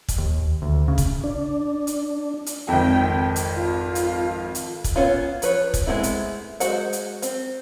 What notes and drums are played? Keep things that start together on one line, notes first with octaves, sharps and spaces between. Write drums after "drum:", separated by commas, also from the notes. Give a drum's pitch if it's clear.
drum: kick, hi-hat
D#2
D2
C#3
drum: kick, hi-hat
D4
drum: hi-hat
drum: hi-hat
G#1 F2 G5
drum: hi-hat
F4
drum: hi-hat
drum: hi-hat
drum: kick, hi-hat
B3 C#4 F4
F3 B4 C#5, drum: hi-hat
drum: kick, hi-hat
G#3 A3 B3 C4 E4
drum: hi-hat
G#3 F#4 C5 F#5, drum: hi-hat
drum: hi-hat
C4, drum: hi-hat